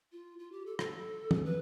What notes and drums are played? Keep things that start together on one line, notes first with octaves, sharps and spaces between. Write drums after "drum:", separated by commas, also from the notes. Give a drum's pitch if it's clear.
F4
F4
G4
A4
A4, drum: rim click
drum: tom
B4